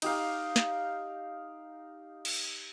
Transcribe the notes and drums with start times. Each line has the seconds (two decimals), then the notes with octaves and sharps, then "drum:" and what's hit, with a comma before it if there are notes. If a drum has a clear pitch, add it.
0.02 D#4 G4 F5, drum: cymbal
0.56 drum: snare
2.25 drum: cymbal